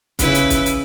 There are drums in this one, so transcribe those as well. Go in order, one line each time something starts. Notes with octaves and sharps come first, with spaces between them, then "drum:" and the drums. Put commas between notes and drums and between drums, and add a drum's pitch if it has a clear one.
C#3 E4 B4, drum: kick, hi-hat
drum: hi-hat
drum: kick, hi-hat
drum: hi-hat